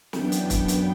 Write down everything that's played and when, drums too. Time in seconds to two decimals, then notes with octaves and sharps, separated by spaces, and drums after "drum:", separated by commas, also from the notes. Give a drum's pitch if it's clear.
0.13 F#2 E3 B3 D4 G5, drum: snare
0.32 drum: hi-hat
0.50 G5, drum: kick, hi-hat
0.68 drum: hi-hat